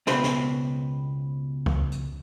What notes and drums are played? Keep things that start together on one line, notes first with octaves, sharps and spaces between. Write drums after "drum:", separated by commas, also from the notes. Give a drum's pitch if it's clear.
C#2 B2 C4 B4 C6, drum: snare
drum: snare
drum: kick C#2
drum: hi-hat